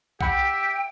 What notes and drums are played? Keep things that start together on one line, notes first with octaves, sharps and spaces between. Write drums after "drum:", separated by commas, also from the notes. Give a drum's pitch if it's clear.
G4 E5 F#5 G5 B5, drum: kick B1